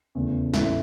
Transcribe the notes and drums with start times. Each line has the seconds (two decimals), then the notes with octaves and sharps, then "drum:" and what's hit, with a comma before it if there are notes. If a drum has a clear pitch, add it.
0.15 E2 C#3 A3
0.54 A1 A2 A3 E5, drum: snare